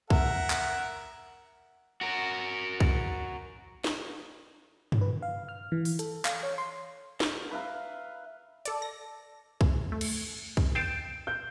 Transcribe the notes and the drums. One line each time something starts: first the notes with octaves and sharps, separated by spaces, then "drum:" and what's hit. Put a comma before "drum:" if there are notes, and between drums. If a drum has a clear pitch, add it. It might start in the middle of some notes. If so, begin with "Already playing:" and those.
A#4 E5 F#5, drum: kick B1
drum: clap
F#4 A#4
drum: kick B1
drum: snare
drum: tom G2
B4
F5
F6
E3
drum: open hi-hat
A4, drum: hi-hat
F5, drum: clap
C#5
C6
drum: snare
B4 E5 F5 A#5
A4 D5, drum: hi-hat
A#6
drum: kick B1
A3
drum: cymbal
drum: kick B1
G5 A6 C7 D7 E7
G6